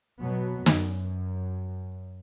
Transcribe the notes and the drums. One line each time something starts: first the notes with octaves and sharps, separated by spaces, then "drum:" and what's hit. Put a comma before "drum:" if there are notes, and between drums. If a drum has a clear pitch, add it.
B2 F#3 B3
F#2, drum: snare